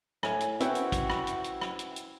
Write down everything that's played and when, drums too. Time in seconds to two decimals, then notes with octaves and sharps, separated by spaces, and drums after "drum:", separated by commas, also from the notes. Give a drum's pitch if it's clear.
0.23 A2 G#5, drum: rim click
0.40 drum: hi-hat
0.60 C#4 E4 F#4 B4 C5 F#5 G5, drum: hi-hat
0.75 drum: hi-hat
0.92 drum: kick, hi-hat
1.10 drum: rim click
1.27 drum: hi-hat
1.44 drum: hi-hat
1.61 drum: rim click
1.79 drum: hi-hat
1.96 drum: hi-hat